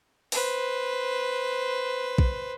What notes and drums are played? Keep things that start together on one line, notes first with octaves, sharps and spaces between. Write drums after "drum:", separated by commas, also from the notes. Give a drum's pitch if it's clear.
B4 C5, drum: open hi-hat
drum: kick